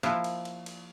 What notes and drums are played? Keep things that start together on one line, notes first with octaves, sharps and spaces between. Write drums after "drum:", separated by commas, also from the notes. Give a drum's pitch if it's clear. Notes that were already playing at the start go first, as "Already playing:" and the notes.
F3 A#3 E4 F4, drum: rim click
drum: cymbal
drum: cymbal
drum: cymbal